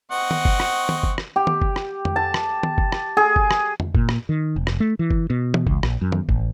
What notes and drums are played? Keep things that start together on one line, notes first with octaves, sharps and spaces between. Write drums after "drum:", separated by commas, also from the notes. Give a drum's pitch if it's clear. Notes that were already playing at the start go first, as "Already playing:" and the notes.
C4 D#5 F#5 C#6
drum: tom D#3
drum: kick F#1
drum: rim click
drum: tom D#3
drum: kick F#1
drum: rim click
G4
drum: tom D#3
drum: kick F#1
drum: rim click
drum: tom F2
A5
drum: rim click
drum: tom D#3
drum: kick F#1
drum: rim click
G#4
drum: kick F#1
drum: rim click
drum: tom F2
A#2, drum: kick F#1
drum: rim click
D#3
F1
drum: rim click
A3
E3
drum: kick F#1
B2
drum: tom
C#2, drum: kick F#1
A#1, drum: rim click
F#2
drum: tom D#3
A1, drum: kick F#1